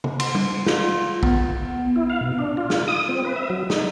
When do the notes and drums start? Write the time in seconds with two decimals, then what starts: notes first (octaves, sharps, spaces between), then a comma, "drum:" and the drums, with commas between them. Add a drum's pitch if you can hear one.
0.04 drum: tom
0.20 C6, drum: cymbal
0.35 drum: tom G3
0.66 F4, drum: snare
1.23 B3, drum: kick
1.96 E4
2.10 F5
2.21 B2
2.39 D4
2.57 F4
2.70 drum: snare
2.88 D#6
3.09 C4
3.25 B4
3.36 E5
3.50 F#3
3.70 D#4, drum: snare